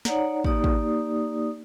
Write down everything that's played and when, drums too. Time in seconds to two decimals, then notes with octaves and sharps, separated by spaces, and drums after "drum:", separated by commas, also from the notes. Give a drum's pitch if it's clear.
0.05 D#4 C#5 D5 F#5 A#5, drum: snare
0.44 A#3 D#4 G4 D5 D#6, drum: kick
0.64 drum: kick